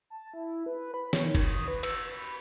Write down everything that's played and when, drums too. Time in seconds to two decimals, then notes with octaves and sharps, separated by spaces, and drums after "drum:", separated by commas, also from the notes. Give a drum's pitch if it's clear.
0.10 A5
0.34 E4
0.66 B4
0.94 B5
1.13 C#5, drum: snare
1.25 D#3
1.35 drum: kick F#1, cymbal
1.45 D#6
1.68 B4
1.83 E6, drum: cymbal
2.12 B5